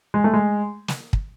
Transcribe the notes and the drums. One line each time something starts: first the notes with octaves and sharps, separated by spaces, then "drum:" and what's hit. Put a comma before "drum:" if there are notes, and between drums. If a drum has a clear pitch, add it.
G#3
A3
G#3
drum: snare
drum: kick